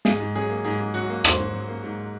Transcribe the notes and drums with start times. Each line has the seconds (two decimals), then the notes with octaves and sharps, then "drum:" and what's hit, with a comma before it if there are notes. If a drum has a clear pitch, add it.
0.05 G#2 G#4, drum: snare
0.20 G#2
0.36 F#3 G#4
0.50 A#3
0.65 G#2 G#4
0.80 G#2
0.94 F#3 F#4
1.09 A#3
1.24 G#2 C5, drum: rim click
1.39 G#2
1.54 F#3
1.68 A#3
1.83 G#2